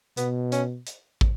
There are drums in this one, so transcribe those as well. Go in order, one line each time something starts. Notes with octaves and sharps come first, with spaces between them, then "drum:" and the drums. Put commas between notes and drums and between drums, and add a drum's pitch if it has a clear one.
B2 B3, drum: hi-hat
C#4, drum: hi-hat
drum: hi-hat
drum: kick